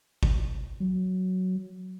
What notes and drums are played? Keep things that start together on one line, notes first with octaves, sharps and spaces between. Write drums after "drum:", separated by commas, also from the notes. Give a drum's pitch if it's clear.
drum: kick G1
F#3